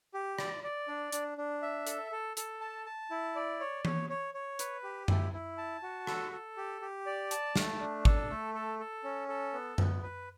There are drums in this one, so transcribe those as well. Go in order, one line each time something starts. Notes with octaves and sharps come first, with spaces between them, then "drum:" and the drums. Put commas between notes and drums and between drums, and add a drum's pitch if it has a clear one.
G4
D5, drum: rim click
D5
D4
D4, drum: hi-hat
D4
E5
A4, drum: hi-hat
A4
A4, drum: hi-hat
A5
A5
E4
D5
C#5
C#5, drum: tom E3
C#5
C#5
B4, drum: hi-hat
G4
E4, drum: tom F#2
E4
A5
F#4
A4, drum: rim click
A4
G4
G4
D5
A5, drum: hi-hat
A3, drum: snare
D4
A4, drum: kick G#1
A3
A4
A4
C#4
A4
B3
B3, drum: tom F#2
B4